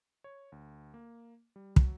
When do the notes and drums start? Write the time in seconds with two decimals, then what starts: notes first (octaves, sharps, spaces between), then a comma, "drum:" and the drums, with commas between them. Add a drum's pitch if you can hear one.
0.24 C#5
0.52 D2
0.94 A#3
1.56 G3
1.76 F#3, drum: kick